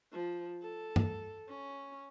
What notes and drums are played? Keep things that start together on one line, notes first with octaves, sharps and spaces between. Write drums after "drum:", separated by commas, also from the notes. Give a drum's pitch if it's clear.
F3
A4
drum: tom G2
C#4